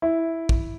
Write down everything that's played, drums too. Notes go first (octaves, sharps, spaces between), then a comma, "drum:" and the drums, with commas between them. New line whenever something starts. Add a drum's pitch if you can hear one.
E4
drum: kick